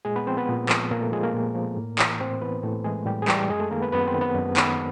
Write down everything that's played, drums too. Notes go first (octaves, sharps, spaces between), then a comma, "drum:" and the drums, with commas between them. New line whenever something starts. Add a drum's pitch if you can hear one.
A#2 G#3 G#4
B3 B4
F3 C4 C5
B3 B4
A#2
F3, drum: clap
A#2 A#3 A#4
A3 A4
F3 G#3 G#4
A#3 A#4
A#2
F3
A2
E3, drum: clap
A2 C4 C5
E3 B3 B4
A2 A3 A4
E3 G#3 G#4
A2 G3 G4
G#4
E3 G3 G4, drum: clap
F#2 G#3 G#4
A3 A4
D#3 A#3 A#4
B3 B4
F#2 B3 B4
C4 C5
D#3
B3 B4
F#2
D#3 B3 B4, drum: clap